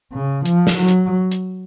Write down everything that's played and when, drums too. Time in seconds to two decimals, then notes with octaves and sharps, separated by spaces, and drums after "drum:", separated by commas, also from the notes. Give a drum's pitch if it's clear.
0.13 C#3
0.46 F3, drum: hi-hat
0.67 drum: snare
0.78 F#3
0.88 drum: hi-hat
1.32 drum: hi-hat